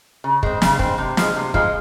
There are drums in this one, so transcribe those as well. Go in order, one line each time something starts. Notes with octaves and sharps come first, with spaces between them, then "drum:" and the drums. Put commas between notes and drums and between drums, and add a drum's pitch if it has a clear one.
C#3
G#3 C4, drum: kick
C#3, drum: snare
G#3 C4, drum: kick
C3
F3 G#3, drum: snare
C3
F3 G#3, drum: kick